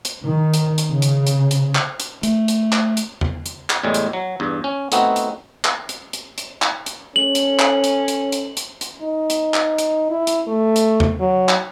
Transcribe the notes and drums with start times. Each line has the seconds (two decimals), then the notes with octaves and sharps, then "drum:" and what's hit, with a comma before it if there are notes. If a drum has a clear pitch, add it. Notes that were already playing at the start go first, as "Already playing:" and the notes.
0.05 drum: hi-hat
0.22 D#3
0.54 drum: hi-hat
0.78 drum: hi-hat
0.91 C#3
1.02 drum: hi-hat
1.27 drum: hi-hat
1.51 drum: hi-hat
1.75 drum: clap
2.00 drum: hi-hat
2.23 A3, drum: hi-hat
2.48 drum: hi-hat
2.73 drum: clap
2.97 drum: hi-hat
3.21 drum: tom E2
3.46 drum: hi-hat
3.70 drum: clap
3.83 E2 A2 G3 G#3
3.94 drum: hi-hat
4.13 F#3
4.40 E2 G2
4.64 C#4
4.92 A3 B3 C4 D#4 F#4, drum: hi-hat
5.16 drum: hi-hat
5.65 drum: clap
5.89 drum: hi-hat
6.13 drum: hi-hat
6.38 drum: hi-hat
6.62 drum: clap
6.86 drum: hi-hat
7.16 C#4 A4 F#7
7.35 drum: hi-hat
7.59 drum: clap
7.84 drum: hi-hat
8.08 drum: hi-hat
8.32 drum: hi-hat
8.57 drum: hi-hat
8.81 drum: hi-hat
9.02 D#4
9.30 drum: hi-hat
9.54 drum: clap
9.78 drum: hi-hat
10.10 E4
10.27 drum: hi-hat
10.48 A3
10.76 drum: hi-hat
11.00 drum: tom E2
11.20 F#3
11.49 drum: clap